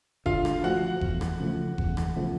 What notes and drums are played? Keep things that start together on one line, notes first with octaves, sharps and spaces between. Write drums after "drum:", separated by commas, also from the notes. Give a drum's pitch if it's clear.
D3 F4 F5, drum: kick F#1
drum: rim click
F3 A3 F#4 F#5
E2, drum: kick F#1
drum: rim click
C#3 F3 A3
E2, drum: kick F#1
drum: rim click
C#3 F3 A3